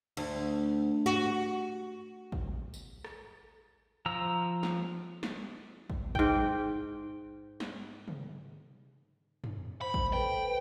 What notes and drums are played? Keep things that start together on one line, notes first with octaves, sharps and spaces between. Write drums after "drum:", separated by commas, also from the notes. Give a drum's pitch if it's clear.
D2, drum: cymbal
F#4
drum: kick
drum: tambourine
drum: rim click
F3 A#5 E6
drum: snare
drum: snare
drum: kick
G#2 G5, drum: kick
drum: snare
drum: tom
drum: tom
C5 B5
drum: kick
A4 B4 G5